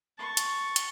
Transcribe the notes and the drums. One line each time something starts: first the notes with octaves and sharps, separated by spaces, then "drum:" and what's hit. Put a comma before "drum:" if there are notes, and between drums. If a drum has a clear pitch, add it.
A5 C#6
drum: hi-hat
drum: hi-hat